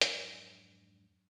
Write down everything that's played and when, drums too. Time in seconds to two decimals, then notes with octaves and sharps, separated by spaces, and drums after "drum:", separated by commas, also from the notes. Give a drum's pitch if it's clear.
0.01 F2 G#2 F#3 D4, drum: hi-hat